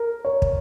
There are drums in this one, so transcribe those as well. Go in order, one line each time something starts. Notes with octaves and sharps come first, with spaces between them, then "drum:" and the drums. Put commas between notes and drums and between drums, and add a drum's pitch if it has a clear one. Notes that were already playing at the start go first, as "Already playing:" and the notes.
Already playing: A#4
C#5
drum: kick